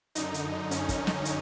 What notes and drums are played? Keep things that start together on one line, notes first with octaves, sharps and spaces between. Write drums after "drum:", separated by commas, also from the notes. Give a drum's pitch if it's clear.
F#2 D3 D#4, drum: hi-hat
drum: hi-hat
C#4, drum: hi-hat
drum: kick, hi-hat
drum: snare
drum: hi-hat